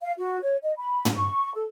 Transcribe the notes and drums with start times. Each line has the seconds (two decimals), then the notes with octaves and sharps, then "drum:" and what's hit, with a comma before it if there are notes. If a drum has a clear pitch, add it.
0.01 F5
0.17 F#4
0.42 C#5
0.63 D#5
0.78 B5
1.05 drum: tom
1.15 C#6
1.55 A4